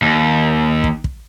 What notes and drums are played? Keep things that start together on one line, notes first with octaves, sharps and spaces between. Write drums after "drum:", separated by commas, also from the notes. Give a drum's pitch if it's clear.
D#2
drum: kick
drum: kick